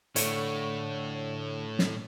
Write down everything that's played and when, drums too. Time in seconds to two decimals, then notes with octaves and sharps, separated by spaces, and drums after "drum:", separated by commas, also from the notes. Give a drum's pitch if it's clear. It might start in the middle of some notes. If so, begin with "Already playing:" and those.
0.16 A2 D3 C#5, drum: hi-hat
1.79 drum: snare